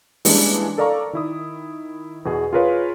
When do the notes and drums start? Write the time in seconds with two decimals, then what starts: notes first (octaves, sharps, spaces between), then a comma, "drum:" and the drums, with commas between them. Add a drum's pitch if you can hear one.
0.25 E3 G3 G#3 A#3 C#4 D4, drum: open hi-hat
0.78 A4 A#4 D5 F5 A#5 C#6
1.13 D#3 E4 D#6
2.25 E2 B2 G#4
2.53 F4 G#4 A#4 B4 C#5 F5